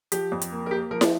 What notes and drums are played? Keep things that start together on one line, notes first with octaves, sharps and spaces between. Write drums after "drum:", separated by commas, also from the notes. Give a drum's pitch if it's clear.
F3 G4, drum: hi-hat
F2
drum: hi-hat
A#3
A#4
A#3 G4
F3 A#4
drum: snare